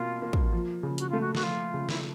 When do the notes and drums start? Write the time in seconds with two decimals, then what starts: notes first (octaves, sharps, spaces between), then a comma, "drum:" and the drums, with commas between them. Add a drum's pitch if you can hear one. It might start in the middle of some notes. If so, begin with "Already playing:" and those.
Already playing: B2 A#3 C4 F4
0.22 A#3
0.33 drum: kick
0.53 F3
0.83 C#3
0.98 F#4, drum: hi-hat
1.09 A3 F4
1.21 F#4
1.35 F#4, drum: snare
1.43 F3 F4
1.74 C#3
1.89 E4, drum: snare